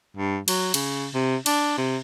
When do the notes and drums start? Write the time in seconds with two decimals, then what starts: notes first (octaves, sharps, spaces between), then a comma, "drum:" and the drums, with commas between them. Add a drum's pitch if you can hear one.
0.17 G2
0.48 F#3, drum: cymbal
0.74 C#3, drum: cymbal
1.14 C3
1.46 D4, drum: cymbal
1.78 C3